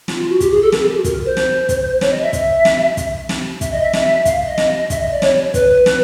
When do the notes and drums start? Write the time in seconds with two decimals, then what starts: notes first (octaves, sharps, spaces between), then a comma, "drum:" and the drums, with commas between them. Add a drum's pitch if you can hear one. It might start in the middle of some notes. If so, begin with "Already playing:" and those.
0.08 F4, drum: snare
0.19 F4
0.29 F#4
0.40 G4, drum: kick, hi-hat
0.51 G#4
0.62 A4
0.72 A#4, drum: snare
0.80 G#4
0.88 G4
0.97 F#4
1.04 A#4, drum: kick, hi-hat
1.26 C5
1.37 drum: snare
1.69 drum: kick, hi-hat
2.01 C#5, drum: snare
2.11 D#5
2.22 E5
2.33 drum: kick, hi-hat
2.65 drum: snare
2.97 drum: kick, hi-hat
3.29 drum: snare
3.61 E5, drum: kick, hi-hat
3.72 D#5
3.82 E5
3.93 drum: snare
4.25 F5, drum: kick, hi-hat
4.47 D#5
4.58 drum: snare
4.90 E5, drum: kick, hi-hat
5.00 D#5
5.11 D5
5.22 C#5, drum: snare
5.33 C#5
5.43 C#5
5.54 B4, drum: kick, hi-hat
5.86 drum: snare